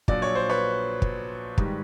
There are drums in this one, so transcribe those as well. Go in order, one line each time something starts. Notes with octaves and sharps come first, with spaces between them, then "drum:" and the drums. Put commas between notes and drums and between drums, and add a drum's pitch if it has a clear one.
A#1 A#2 F#3 D5, drum: kick
C#5
C5
B4 C#5
drum: kick
G#2 D#3 G3, drum: kick